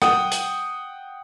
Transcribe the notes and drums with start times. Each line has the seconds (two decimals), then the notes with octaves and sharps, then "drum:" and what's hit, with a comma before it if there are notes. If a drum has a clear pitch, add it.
0.02 F#5 G5 D#6, drum: rim click
0.32 drum: hi-hat